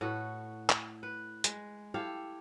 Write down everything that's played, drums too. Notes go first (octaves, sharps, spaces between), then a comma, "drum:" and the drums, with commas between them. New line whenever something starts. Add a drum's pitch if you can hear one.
A2 F#4 A4 B4
drum: clap
B4
G#3, drum: hi-hat
E4 G4 A4 F5